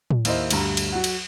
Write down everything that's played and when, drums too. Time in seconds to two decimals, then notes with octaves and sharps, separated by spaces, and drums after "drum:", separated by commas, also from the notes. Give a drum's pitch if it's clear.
0.11 drum: tom A2
0.25 D#2 E4 A#4 C5 D#5, drum: cymbal
0.51 D2 G2 A#5, drum: cymbal
0.77 drum: cymbal
0.92 F#3 F#5
1.04 drum: cymbal